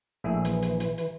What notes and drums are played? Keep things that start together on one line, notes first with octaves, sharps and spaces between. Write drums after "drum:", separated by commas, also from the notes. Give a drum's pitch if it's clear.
A#1 A3 E4 G#4
E3, drum: hi-hat
drum: hi-hat
drum: hi-hat
drum: hi-hat